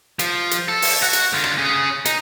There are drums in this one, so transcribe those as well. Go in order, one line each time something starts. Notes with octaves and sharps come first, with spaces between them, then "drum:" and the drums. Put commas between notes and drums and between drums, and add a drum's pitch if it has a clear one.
F3 F4, drum: hi-hat
drum: hi-hat
A4
drum: open hi-hat
F#4
drum: hi-hat
D3 F4
drum: rim click
C#4 G#4
D#4, drum: hi-hat